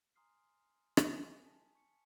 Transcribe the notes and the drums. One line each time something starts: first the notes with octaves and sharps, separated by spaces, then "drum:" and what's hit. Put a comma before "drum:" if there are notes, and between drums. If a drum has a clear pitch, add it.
G#5 A#5 C6 D#6 F6 C7
drum: rim click
G#5 C7
A5 B6
C#6 C#7